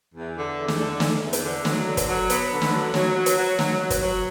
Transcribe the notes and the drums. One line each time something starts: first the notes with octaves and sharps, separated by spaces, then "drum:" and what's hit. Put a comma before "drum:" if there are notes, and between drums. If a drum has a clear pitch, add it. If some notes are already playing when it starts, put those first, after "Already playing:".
E2
D3
E2
drum: snare
D3
E2, drum: snare
E2
drum: hi-hat
D3
F#3, drum: snare
D3
drum: kick, hi-hat
F#3
B3, drum: hi-hat
D3
drum: snare
F#3
F#3, drum: snare
F#3
drum: hi-hat
F#3
F#3, drum: snare
F#3
drum: kick, hi-hat
F#3